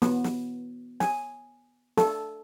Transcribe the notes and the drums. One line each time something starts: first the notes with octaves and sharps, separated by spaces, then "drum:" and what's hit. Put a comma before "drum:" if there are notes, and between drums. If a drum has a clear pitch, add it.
B3, drum: snare
drum: snare
G#5, drum: snare
A4, drum: snare